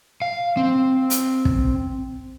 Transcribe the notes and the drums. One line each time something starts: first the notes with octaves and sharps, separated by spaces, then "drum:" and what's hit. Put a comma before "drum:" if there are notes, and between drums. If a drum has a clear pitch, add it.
F5
C4
drum: hi-hat
drum: kick